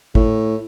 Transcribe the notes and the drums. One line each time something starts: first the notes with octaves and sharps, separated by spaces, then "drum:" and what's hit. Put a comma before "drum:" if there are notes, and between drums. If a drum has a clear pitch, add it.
A2, drum: kick